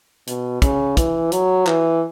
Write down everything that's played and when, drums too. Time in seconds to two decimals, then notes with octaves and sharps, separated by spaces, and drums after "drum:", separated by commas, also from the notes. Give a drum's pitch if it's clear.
0.27 B2, drum: hi-hat
0.62 C#3, drum: kick, hi-hat
0.97 E3, drum: kick, hi-hat
1.32 F#3, drum: hi-hat
1.67 E3, drum: clap